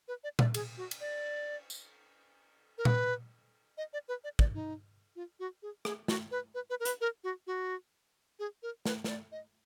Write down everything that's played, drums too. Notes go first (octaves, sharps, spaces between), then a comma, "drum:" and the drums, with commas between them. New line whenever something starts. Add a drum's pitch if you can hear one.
B4
D5
D5, drum: tom A#2
G#4, drum: cymbal
F#4
drum: cymbal
D5
drum: tambourine
A#4
B4, drum: tom A#2
D#5
D5
B4
D5
D5, drum: kick
D#4
F4
F#4
G#4
G#4, drum: rim click
F#4, drum: snare
B4
B4
B4
A#4
B4, drum: hi-hat
A#4
F#4
F#4
G#4
A#4
B4, drum: snare
B4, drum: snare
D5
D#5